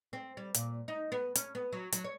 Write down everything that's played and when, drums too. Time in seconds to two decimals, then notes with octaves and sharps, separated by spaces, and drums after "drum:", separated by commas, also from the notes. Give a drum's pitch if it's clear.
0.13 C4
0.37 G3
0.54 A#2, drum: hi-hat
0.88 D#4
1.12 B3
1.35 C#4, drum: hi-hat
1.55 B3
1.72 F#3
1.92 F#3, drum: hi-hat
2.04 C#5